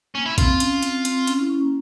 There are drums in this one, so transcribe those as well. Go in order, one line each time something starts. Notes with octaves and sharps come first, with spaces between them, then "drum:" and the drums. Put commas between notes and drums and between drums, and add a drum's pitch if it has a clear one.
A#3 C#4
E4
C4 F4, drum: kick, hi-hat
C#4, drum: hi-hat
C4, drum: hi-hat
C4, drum: hi-hat
C#4, drum: hi-hat
E4
C#4
A#3